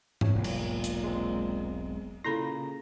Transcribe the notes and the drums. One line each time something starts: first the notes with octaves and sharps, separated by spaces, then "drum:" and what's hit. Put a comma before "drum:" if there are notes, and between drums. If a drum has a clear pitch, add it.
C2 C#5, drum: tom G#2
E1 B1 A#2
drum: cymbal
drum: hi-hat
G#3 C4
A#2 C#3 E4 A4 A#5 B5 A#6